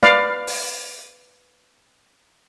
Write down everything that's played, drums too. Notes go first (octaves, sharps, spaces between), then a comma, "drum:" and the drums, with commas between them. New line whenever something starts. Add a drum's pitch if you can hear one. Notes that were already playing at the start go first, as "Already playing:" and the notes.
B4 D5 F5, drum: snare
drum: open hi-hat